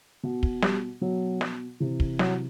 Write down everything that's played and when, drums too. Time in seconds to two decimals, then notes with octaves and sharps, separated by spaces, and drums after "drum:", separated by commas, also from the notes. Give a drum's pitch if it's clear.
0.23 B2
0.43 drum: kick
0.62 G3, drum: snare
1.01 B2 F#3
1.41 drum: snare
1.80 C3 E3
2.00 drum: kick
2.19 F#3, drum: snare